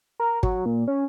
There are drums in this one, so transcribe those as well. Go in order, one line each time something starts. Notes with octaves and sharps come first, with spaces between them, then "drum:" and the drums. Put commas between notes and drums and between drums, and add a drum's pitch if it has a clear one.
A#4
F#3, drum: kick
A#2
C#4